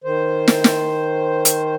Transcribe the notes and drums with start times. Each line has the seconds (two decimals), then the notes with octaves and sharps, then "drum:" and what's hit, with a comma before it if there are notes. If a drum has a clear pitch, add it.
0.04 D#3 C5
0.48 drum: snare
0.64 drum: snare
1.45 drum: hi-hat